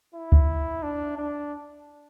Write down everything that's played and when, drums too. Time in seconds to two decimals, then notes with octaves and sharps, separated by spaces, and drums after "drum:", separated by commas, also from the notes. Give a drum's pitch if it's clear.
0.14 E4
0.32 drum: kick C#2
0.83 D4
1.18 D4